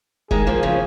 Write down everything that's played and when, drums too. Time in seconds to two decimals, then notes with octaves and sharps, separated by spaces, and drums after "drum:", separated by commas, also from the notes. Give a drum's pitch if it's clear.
0.31 D#3 G#3 G#4, drum: kick F1
0.47 F3 A#3
0.63 C#3 F3